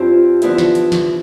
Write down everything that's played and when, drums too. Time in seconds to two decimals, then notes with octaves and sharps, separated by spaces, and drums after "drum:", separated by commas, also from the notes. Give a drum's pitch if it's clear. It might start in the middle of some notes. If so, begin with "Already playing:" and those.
Already playing: G2 F3 C4 E4 G4
0.42 D3 F3 B3 E4, drum: hi-hat
0.58 drum: snare
0.75 drum: hi-hat
0.92 drum: snare